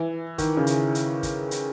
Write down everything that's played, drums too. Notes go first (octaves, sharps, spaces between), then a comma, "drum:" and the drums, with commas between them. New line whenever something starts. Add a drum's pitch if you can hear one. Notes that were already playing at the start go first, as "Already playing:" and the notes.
Already playing: E3
D#3, drum: kick, hi-hat
C#3
drum: hi-hat
drum: hi-hat
drum: kick, hi-hat
drum: hi-hat